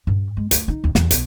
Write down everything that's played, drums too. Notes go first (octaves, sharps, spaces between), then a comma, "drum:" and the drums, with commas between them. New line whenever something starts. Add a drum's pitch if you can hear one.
G2
G#3
D2, drum: hi-hat
D#4
D#2
E2, drum: snare
B1, drum: hi-hat